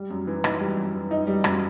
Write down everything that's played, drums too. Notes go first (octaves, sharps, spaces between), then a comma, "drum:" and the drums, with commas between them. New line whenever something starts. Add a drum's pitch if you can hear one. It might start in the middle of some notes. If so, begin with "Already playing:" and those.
Already playing: G3
F#2
E3
D#4, drum: rim click
G3
F#2
E3
D#4
G3
F#2, drum: rim click